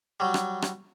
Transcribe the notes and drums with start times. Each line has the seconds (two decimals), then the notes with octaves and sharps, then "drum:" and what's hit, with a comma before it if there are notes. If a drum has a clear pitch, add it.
0.20 F#3 G3
0.34 drum: rim click
0.62 drum: rim click